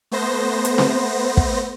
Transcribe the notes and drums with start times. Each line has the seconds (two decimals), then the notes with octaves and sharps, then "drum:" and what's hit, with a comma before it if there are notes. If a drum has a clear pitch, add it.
0.11 A3 B3 C5 A#6
0.65 drum: hi-hat
0.78 drum: snare C4
1.37 drum: kick